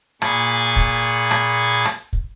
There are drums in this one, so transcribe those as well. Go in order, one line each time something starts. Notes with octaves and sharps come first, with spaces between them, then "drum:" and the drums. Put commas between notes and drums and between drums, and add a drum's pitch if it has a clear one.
A#2 G#4 B5 C#6 G#6 A6, drum: rim click
drum: kick
drum: rim click
drum: rim click
drum: kick